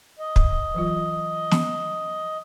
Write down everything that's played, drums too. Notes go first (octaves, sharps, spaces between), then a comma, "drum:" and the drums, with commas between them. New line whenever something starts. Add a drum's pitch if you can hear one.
D#5
drum: kick
E3 F#3 F4
drum: snare